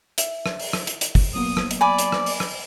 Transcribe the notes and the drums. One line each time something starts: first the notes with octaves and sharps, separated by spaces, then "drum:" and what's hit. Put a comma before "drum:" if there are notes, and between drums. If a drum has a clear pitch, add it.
E5, drum: hi-hat
drum: rim click
drum: open hi-hat
drum: rim click
drum: hi-hat
drum: hi-hat
drum: kick, open hi-hat
F#3 A#3 B3 D#6
drum: rim click
drum: hi-hat
D5 G#5 B5 D6
drum: hi-hat
drum: rim click
drum: open hi-hat
drum: rim click